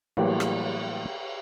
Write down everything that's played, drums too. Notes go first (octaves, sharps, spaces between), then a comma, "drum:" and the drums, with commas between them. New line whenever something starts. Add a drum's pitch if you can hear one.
A2 E3 F#3 G3 A#3 G4, drum: cymbal
drum: rim click